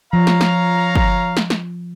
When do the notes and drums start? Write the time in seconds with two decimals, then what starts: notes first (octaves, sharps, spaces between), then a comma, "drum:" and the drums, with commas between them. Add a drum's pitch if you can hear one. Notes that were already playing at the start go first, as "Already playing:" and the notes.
0.13 F3 C#5 F5 A#5
0.27 drum: snare
0.41 drum: snare
0.95 drum: kick
1.37 drum: snare
1.50 drum: snare